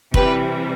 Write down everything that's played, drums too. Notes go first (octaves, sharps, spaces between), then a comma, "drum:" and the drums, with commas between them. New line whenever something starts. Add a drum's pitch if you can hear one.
C3 E3 G3 G4 B4, drum: kick